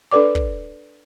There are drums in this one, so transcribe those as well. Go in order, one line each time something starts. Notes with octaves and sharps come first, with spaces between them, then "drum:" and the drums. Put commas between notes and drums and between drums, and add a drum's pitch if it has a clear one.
D4 A4 B4 D5 D6
drum: kick